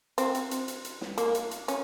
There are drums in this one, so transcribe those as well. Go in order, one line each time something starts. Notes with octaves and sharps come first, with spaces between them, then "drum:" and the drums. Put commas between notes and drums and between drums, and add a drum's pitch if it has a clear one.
C4, drum: hi-hat
drum: hi-hat
drum: hi-hat
drum: hi-hat
drum: hi-hat
drum: snare
A#3, drum: hi-hat
drum: hi-hat
drum: hi-hat
C#4, drum: hi-hat